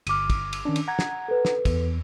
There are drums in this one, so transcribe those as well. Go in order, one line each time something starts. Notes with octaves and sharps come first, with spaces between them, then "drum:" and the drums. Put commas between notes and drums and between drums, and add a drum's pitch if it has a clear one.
G1 D6 F6 D#7, drum: cymbal
drum: kick, cymbal
drum: cymbal
D#3 C#4 D4
drum: cymbal
F#5 A#5 G#6
drum: snare
A4 B4
drum: snare
E2, drum: kick, cymbal